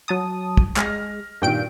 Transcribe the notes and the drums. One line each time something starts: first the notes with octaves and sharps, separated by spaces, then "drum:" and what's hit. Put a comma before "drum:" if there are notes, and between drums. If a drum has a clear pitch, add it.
F#3 A5 D#6
drum: kick
G#3 F6 A#6, drum: clap
G2 A#2 D#3 G5 D7